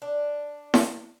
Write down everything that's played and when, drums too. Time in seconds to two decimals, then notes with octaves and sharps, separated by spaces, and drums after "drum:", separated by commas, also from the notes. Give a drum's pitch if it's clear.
0.02 D4
0.74 drum: snare E4